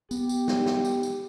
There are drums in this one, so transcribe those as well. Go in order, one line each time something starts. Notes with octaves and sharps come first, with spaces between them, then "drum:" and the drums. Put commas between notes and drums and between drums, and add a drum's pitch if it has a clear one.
B3 G4, drum: tambourine
drum: tambourine
drum: snare
drum: snare
drum: tambourine
drum: tambourine